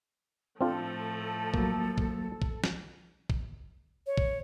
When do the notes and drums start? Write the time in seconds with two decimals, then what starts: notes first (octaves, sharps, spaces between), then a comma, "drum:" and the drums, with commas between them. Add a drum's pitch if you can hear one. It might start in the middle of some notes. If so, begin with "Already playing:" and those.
0.61 A2 F3 A3 C4 D4 F4 A4
1.54 F#3 A#3, drum: kick A#1
1.98 drum: kick A#1
2.42 drum: kick A#1
2.64 drum: snare
3.30 drum: kick A#1
4.07 C#5
4.18 drum: kick A#1